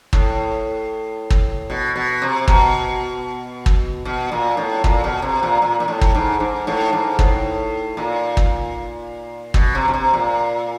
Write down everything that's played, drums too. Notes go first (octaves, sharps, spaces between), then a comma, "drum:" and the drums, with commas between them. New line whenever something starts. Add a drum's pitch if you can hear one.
A2, drum: kick
drum: kick
B2
B2
C3
B2, drum: kick
drum: kick
B2
A#2
A2
A#2, drum: kick
B2
C3
A#2
A#2
A#2
A2
drum: kick
G#2
G#2
A2
G#2
A2, drum: kick
A#2
drum: kick
B2, drum: kick
C3
B2
C3
A#2